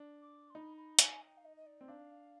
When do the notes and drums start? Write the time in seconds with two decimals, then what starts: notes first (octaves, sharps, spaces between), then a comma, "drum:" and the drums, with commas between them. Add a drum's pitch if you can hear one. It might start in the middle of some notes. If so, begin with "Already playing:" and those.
Already playing: D4
0.21 D6
0.50 C6
0.55 D#4 B5
0.77 B5
0.99 G#5, drum: hi-hat
1.21 G5
1.37 F5
1.44 D#5
1.56 D#5
1.66 D5
1.81 C4
1.88 D4 F5